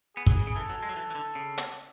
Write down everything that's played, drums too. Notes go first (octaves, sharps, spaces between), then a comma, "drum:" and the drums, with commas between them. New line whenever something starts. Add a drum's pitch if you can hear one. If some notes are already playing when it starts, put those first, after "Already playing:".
B3 G#4
F#3, drum: kick
C#3
C#3
E3 A4
F#3
G#3
F#3
E3
E3
D3
C#3
drum: hi-hat